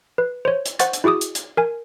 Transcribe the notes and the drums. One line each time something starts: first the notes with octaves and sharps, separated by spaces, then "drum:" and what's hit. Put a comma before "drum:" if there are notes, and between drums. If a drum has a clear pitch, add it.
B4
C5 C#5
drum: hi-hat
C5 F#5 C#6 A6, drum: hi-hat
drum: hi-hat
E4 F#4 G#4 D6 D#6
drum: hi-hat
drum: hi-hat
A#4 G#5